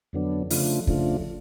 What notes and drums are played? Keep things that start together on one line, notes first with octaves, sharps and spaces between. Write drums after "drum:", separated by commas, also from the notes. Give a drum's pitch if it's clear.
F2 D3 F#3 B3 D4
C#3 F3 A3 D4 F4, drum: open hi-hat
C#3 F3 A3 D4 F4, drum: kick